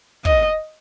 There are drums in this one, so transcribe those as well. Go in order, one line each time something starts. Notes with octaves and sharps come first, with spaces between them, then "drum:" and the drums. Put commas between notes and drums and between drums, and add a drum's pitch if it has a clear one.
D#5, drum: kick